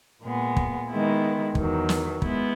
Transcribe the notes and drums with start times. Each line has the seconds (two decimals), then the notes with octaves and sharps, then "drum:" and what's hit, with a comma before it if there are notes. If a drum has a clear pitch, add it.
0.24 A#2 G#3 B3
0.57 drum: kick
0.90 D#3 G#3 B3 E4
1.55 E2 D#3 F#3, drum: kick
1.89 drum: snare
2.22 G#3 B3 E4, drum: kick